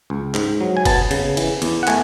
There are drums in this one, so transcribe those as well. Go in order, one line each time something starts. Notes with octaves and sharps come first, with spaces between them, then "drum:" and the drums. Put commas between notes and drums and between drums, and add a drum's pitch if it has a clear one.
C#2
G#2, drum: clap
F#3
G#5
B3 A5, drum: kick F#1, cymbal
C#3, drum: cymbal
E3, drum: cymbal
E2, drum: cymbal
F#5
A3 G#5, drum: clap